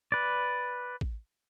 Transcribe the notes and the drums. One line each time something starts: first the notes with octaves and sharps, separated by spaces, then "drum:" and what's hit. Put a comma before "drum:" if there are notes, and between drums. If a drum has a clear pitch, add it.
B4 D5
drum: kick A1